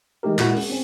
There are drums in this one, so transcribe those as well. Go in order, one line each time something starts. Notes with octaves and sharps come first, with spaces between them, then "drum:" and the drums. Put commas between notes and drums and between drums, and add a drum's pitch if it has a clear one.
E3 G#3 A3 D#4 G4 A#4
A#2 G#3 E4 F#4 A#4 F#5, drum: clap
C#4 G#4, drum: open hi-hat
C4 C#4